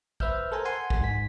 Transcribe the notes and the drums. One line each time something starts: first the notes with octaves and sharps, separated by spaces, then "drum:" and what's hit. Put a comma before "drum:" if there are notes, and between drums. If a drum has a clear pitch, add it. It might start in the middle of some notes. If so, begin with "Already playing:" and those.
B4 C5 E5 E6 F6 G6, drum: kick
A4 A#4 C5 G#5 A#5
F#5 G#5 C6
drum: kick
G#2 B6